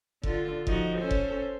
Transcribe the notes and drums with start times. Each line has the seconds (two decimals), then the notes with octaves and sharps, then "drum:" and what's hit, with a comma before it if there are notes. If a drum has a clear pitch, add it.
0.23 D3 F4, drum: kick F1
0.67 F3 D#4 F#4, drum: kick F1
0.99 C#4 A4 C5
1.11 drum: kick F1